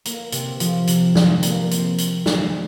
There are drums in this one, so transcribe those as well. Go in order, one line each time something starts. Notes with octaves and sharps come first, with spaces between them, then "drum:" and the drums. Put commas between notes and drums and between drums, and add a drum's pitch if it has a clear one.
A#3, drum: hi-hat
C3, drum: hi-hat
F3, drum: hi-hat
C3, drum: hi-hat
F3, drum: snare
A#3, drum: hi-hat
C4, drum: hi-hat
drum: hi-hat
drum: snare